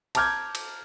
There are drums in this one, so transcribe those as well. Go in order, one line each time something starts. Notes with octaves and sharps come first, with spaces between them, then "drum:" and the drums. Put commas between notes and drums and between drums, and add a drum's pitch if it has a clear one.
A5 A#5 D6 F6 G6 G#6, drum: cymbal
drum: cymbal